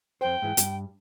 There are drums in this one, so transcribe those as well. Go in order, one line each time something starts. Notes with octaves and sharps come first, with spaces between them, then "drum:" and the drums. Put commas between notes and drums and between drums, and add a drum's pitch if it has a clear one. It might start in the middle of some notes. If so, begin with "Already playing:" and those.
F2 C5 G5
G#2 E3
G2, drum: hi-hat